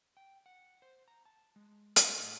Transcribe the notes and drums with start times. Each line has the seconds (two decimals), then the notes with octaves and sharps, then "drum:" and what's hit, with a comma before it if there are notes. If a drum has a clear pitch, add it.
0.17 G5
0.46 F#5
0.82 C5
1.08 A#5
1.26 A5
1.56 G#3
1.96 drum: hi-hat
2.19 A2